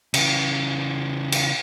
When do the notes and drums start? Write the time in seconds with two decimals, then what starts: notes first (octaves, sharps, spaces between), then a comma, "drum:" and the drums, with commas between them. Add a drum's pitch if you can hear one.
0.14 C#3 E3, drum: cymbal
1.32 drum: cymbal